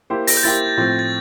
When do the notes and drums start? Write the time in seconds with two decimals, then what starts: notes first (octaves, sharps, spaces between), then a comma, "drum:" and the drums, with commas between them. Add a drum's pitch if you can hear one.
0.10 A#3 E4 G4 C5
0.27 A#6, drum: open hi-hat
0.37 G6
0.43 A#3 E4 G4 C5 A6
0.77 A2 F3 C4
0.99 A6